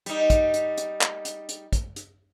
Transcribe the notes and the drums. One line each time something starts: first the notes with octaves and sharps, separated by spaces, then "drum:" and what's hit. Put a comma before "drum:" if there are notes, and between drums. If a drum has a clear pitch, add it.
G3 D#4, drum: hi-hat
drum: kick, hi-hat
drum: hi-hat
drum: hi-hat
drum: clap
drum: hi-hat
drum: hi-hat
drum: kick, hi-hat
drum: hi-hat